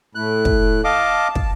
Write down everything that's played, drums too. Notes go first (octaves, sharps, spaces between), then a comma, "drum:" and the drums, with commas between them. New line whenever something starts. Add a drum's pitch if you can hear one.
A2 A3 E4 F#6
drum: kick
D#5 F5 A5 D6
drum: kick